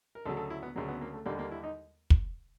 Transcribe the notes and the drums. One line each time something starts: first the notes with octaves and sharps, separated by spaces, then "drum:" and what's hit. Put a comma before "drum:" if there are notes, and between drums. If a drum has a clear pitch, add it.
A#4
D2 C#3 F#3 A4
A4
E4
B3
D2 C#3 F#3 A#3
B3
A#3
A3
D#2 D3 G3 A#3
A#3
E4
D#4
drum: kick